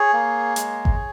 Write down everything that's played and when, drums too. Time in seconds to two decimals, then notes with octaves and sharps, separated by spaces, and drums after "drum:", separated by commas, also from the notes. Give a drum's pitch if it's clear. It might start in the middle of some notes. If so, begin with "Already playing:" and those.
Already playing: G#4 C#5
0.13 A#3
0.56 G#3, drum: hi-hat
0.85 drum: kick G1